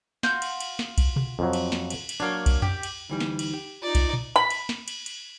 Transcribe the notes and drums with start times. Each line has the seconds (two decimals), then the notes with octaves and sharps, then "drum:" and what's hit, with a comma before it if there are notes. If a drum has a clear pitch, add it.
0.23 F4 F#4 G6, drum: snare
0.42 drum: cymbal
0.60 drum: cymbal
0.79 drum: snare
0.98 drum: kick B1, cymbal
1.16 drum: tom B2
1.39 F2 F3 F#3
1.53 drum: cymbal
1.72 drum: snare
1.90 drum: cymbal
2.09 drum: cymbal
2.20 F#3 A#3 D4 C#5
2.46 drum: kick B1, cymbal
2.62 G4, drum: tom F2
2.83 drum: cymbal
3.09 D2 E3 G3 D#4
3.20 drum: snare
3.39 drum: cymbal
3.53 G4
3.82 D#4 F4 D5
3.95 drum: kick B1, cymbal
4.13 drum: tom A#2
4.36 B5
4.50 drum: cymbal
4.69 drum: snare
4.88 drum: cymbal
5.06 drum: cymbal